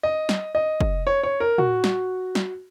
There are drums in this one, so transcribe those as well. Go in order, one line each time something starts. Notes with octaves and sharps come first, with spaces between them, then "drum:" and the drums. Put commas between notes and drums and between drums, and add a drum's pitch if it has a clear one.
D#5
drum: snare
D#5
drum: kick
C#5
C#5
A#4
F#4, drum: tom
drum: snare
drum: snare